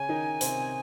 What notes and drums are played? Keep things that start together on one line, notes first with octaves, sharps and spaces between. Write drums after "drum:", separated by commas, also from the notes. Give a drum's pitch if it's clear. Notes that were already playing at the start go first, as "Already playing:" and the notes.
Already playing: C#3 C#4 G#5
D#3 D#4
C3 C4, drum: hi-hat